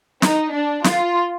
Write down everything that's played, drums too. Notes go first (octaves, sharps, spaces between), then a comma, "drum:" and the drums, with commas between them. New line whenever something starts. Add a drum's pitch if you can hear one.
D#4, drum: snare
D4
F4, drum: snare